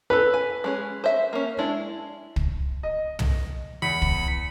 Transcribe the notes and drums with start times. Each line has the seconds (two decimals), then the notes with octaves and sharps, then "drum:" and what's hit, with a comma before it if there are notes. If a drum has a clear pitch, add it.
0.10 C#4 A4 B4
0.34 G#5
0.64 G#3 C#4 G#4
1.04 C5 E5
1.33 A#3 C#4
1.59 G#3 D4 E4
2.36 drum: kick
2.83 D#5
3.19 drum: tom
3.82 E2 B5 C#7
4.02 drum: kick